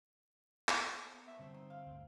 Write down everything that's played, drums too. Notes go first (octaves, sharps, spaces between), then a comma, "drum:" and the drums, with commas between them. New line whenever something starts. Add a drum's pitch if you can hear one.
drum: clap
A#3 B3
F#3 A3 B3 E5
D3 G3 C4
D#4
F5
G1 D2